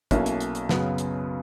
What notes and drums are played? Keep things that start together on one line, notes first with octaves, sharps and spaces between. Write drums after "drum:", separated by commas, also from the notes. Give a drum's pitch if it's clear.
B1 B2 A#3 C#4 E4, drum: kick, hi-hat
drum: hi-hat
drum: hi-hat
drum: hi-hat
F#2 C#3 F#3 B3, drum: snare
drum: hi-hat